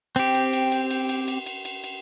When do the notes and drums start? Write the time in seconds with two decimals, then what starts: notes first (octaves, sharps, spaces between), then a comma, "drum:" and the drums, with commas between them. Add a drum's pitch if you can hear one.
0.16 C4 G4, drum: cymbal
0.35 drum: cymbal
0.53 drum: cymbal
0.72 drum: cymbal
0.90 drum: cymbal
1.09 drum: cymbal
1.28 drum: cymbal
1.46 drum: cymbal
1.65 drum: cymbal
1.84 drum: cymbal